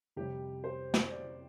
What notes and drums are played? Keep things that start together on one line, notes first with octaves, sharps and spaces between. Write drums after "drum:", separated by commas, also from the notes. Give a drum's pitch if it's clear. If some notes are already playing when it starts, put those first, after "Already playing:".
F2 C3 G3 G4
C5
drum: snare
D5